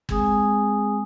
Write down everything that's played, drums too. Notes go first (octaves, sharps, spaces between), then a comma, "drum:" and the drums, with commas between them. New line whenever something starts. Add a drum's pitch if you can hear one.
G#3 C4 G#4 G#5 D#6, drum: kick